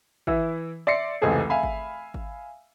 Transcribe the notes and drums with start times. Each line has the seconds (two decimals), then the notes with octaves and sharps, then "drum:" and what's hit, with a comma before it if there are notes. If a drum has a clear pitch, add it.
0.27 E3 E4 E6, drum: kick G#1
0.87 D5 E5 C6 A#6 C7 C#7
1.22 F1 C#2 E3 C4 G#4 A4
1.50 E5 F5 G#5 B5
1.63 drum: kick G#1
2.14 drum: kick G#1